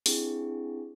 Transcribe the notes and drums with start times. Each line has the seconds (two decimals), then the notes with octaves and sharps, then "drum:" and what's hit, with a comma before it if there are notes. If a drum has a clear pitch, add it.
0.06 C4 D4 E4 G4 G#4, drum: open hi-hat